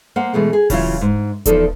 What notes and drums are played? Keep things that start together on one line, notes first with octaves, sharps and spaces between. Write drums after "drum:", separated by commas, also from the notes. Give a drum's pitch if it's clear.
A#3 C5 F#5
B2 E3 G#3 A3
G#4
C#3 E3 F#3 E4 F4, drum: kick D#1, open hi-hat
G#2
E2 F3 D#4 A4 D5, drum: kick D#1, hi-hat